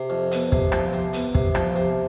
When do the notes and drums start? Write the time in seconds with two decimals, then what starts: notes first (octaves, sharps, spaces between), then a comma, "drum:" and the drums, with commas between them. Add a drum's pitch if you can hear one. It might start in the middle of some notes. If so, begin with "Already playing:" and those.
Already playing: C3
0.10 F2
0.32 B3, drum: hi-hat
0.52 C3, drum: kick
0.72 F3, drum: rim click
0.93 C3
1.13 B3, drum: hi-hat
1.35 C3, drum: kick
1.55 F3, drum: rim click
1.76 C3